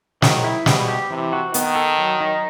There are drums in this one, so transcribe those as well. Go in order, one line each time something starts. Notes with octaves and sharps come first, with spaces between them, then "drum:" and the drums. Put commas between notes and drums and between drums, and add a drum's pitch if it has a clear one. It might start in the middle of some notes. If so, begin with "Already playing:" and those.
D#3 F#3, drum: snare
E4
B2 G3, drum: snare
G4
C3 E3
F#4
D#3 B3, drum: hi-hat
A4
F#3
D#4